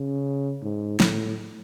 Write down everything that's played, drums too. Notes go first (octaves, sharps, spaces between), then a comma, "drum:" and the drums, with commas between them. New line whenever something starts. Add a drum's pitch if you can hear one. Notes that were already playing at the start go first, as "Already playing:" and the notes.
Already playing: C#3
G#2
A2, drum: snare